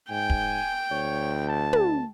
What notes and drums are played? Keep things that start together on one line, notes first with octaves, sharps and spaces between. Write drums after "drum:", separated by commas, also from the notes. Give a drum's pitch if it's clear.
G#2 G5 G#5
drum: kick
D2 C#5
A5
drum: tom